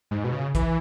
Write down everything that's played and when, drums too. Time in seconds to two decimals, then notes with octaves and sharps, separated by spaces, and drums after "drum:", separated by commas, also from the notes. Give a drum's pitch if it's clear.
0.11 G#2
0.24 B2
0.32 C#3
0.55 E3, drum: kick, hi-hat